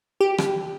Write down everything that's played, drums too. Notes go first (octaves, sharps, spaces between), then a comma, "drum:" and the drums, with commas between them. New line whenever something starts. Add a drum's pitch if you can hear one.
G4
drum: rim click